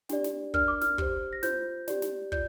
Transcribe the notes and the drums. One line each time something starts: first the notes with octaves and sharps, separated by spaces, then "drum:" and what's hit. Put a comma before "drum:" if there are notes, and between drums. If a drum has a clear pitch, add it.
D4 G4 D5, drum: snare
drum: snare
D4 A#4 D5 F6, drum: kick
D6
F6, drum: snare
G4 C5, drum: kick
A#6
F4 C5 G6, drum: snare
G4 D5, drum: snare
drum: snare
F4 D5 G6, drum: kick